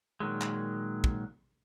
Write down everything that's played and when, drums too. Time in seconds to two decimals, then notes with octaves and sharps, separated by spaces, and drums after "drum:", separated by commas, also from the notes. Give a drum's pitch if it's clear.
0.20 A#2 D#3 F#3 G#3
0.41 drum: clap
1.04 drum: kick